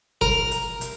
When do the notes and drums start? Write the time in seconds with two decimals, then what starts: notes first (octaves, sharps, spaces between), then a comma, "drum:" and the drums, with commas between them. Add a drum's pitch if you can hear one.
0.21 A#4, drum: kick F#1
0.51 drum: hi-hat
0.81 drum: hi-hat